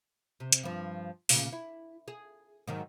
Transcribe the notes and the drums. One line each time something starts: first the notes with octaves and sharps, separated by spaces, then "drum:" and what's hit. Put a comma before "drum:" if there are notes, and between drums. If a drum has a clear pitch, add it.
C3
drum: hi-hat
G2 F3
D2 A#2 C#3, drum: open hi-hat
E4
G#4
G#2 D#3 F#3